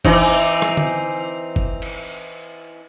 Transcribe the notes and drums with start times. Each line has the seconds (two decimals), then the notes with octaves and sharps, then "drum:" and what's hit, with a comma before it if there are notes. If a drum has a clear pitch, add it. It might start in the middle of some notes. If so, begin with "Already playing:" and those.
0.05 E3 C4 D#4, drum: kick
0.62 drum: rim click
0.77 drum: tom D3
1.56 drum: kick
1.82 drum: cymbal